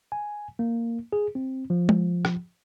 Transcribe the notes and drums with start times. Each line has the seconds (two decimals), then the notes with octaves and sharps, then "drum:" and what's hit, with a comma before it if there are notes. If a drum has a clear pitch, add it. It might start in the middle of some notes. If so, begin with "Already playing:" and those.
0.12 G#5
0.59 A#3
1.13 G#4
1.35 C4
1.70 F3
1.89 drum: tom G#3
2.25 drum: rim click